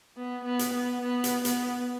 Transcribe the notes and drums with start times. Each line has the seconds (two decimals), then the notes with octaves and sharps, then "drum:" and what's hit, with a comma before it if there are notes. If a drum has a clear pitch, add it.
0.17 B3
0.45 B3
0.59 drum: hi-hat
0.74 B3
1.02 B3
1.24 drum: hi-hat
1.45 B3, drum: hi-hat